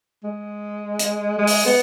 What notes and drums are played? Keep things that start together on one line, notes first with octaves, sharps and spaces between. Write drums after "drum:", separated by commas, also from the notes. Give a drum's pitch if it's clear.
G#3
drum: hi-hat
G#3
drum: open hi-hat
B3